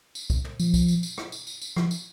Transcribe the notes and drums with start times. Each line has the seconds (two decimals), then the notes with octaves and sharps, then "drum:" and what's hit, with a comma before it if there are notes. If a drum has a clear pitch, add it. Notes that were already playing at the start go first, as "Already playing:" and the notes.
0.15 drum: tambourine
0.30 drum: kick, tambourine
0.44 drum: tom
0.60 F3, drum: tambourine
0.74 drum: kick, tambourine
0.88 drum: tambourine
1.03 drum: tambourine
1.18 drum: rim click
1.32 drum: tambourine
1.47 drum: tambourine
1.62 drum: tambourine
1.76 F3, drum: rim click
1.91 drum: tambourine